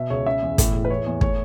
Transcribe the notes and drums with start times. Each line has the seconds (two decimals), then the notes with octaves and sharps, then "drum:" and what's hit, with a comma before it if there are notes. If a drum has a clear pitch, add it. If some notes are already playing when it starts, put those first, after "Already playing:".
Already playing: B2 E5
0.10 C#2 C#5
0.26 C#3 E5
0.41 E2
0.58 A2, drum: kick, hi-hat
0.75 A2
0.85 B4
0.89 E3 C#5
1.06 E2
1.21 A3 C#5, drum: kick